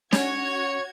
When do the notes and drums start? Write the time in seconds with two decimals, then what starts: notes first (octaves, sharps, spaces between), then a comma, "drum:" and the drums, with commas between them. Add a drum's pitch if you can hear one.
0.13 C#4 F#4 C#5 G#6, drum: snare